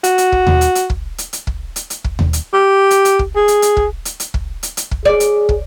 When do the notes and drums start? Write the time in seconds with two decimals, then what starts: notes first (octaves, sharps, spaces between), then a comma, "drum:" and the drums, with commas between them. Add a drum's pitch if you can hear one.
0.04 F#4, drum: hi-hat
0.18 drum: hi-hat
0.32 drum: kick
0.47 drum: tom D#2
0.61 drum: hi-hat
0.75 drum: hi-hat
0.90 drum: kick
1.18 drum: hi-hat
1.33 drum: hi-hat
1.47 drum: kick
1.76 drum: hi-hat
1.90 drum: hi-hat
2.04 drum: kick
2.19 drum: tom D#2
2.33 drum: hi-hat
2.53 G4
2.91 drum: hi-hat
3.05 drum: hi-hat
3.19 drum: kick
3.36 G#4
3.48 drum: hi-hat
3.62 drum: hi-hat
3.77 drum: kick
4.05 drum: hi-hat
4.20 drum: hi-hat
4.34 drum: kick
4.63 drum: hi-hat
4.77 drum: hi-hat
4.91 drum: kick
5.05 G#4 D5
5.20 drum: hi-hat
5.49 drum: kick